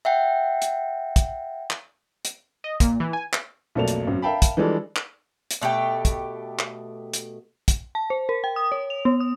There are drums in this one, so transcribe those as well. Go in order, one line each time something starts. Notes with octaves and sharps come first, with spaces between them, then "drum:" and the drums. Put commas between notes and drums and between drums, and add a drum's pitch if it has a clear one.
E5 F#5 G5
drum: hi-hat
drum: kick, hi-hat
drum: clap
drum: hi-hat
D#5
A#2, drum: kick, hi-hat
E3
G#5
drum: clap
B1 F2 A3 A#3 D5 F7
drum: hi-hat
G#1 F#2
A#4 E5 F5 G5 A5 B5
drum: kick, hi-hat
E3 F3 G3 G#3 D4 A4
drum: clap
drum: hi-hat
B2 A3 G4 G5
drum: kick, hi-hat
drum: clap
drum: hi-hat
drum: kick, hi-hat
A5
C5
A#4
G5
D#6
C#5
F7
B3
D#6